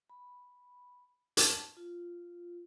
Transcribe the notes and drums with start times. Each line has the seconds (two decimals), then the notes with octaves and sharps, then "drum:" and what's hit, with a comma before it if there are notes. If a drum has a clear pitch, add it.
0.10 B5
1.37 A5, drum: hi-hat
1.77 F4